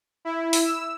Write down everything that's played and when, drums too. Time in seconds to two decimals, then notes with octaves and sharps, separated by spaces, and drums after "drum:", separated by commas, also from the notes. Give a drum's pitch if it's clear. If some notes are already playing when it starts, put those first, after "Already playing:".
0.25 E4
0.53 drum: open hi-hat
0.65 E6